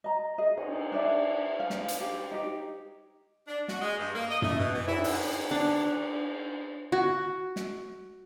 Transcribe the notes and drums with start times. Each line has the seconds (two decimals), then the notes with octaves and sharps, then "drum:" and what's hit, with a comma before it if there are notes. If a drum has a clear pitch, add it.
0.04 D#5 A#5
0.38 G#4 D#5
0.57 drum: cymbal
0.92 D4 D5 E5
1.60 F5
1.70 drum: snare
1.88 drum: hi-hat
2.00 G4
2.31 D#4 G4
3.48 D4
3.68 F#4, drum: snare
3.82 G#3
3.98 G2
4.15 A#3
4.30 D#5
4.42 A3, drum: tom F#2
4.58 B2
4.74 E3
4.87 E4, drum: cymbal
5.04 D3, drum: open hi-hat
5.51 D4
6.92 F#4
7.56 drum: snare